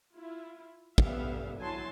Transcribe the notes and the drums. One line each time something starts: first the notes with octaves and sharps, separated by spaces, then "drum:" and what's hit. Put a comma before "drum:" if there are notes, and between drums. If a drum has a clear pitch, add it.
E4 F4
D3 G3 B3 D4 E5 F5, drum: kick
F#3 E4 G#5 A5 C6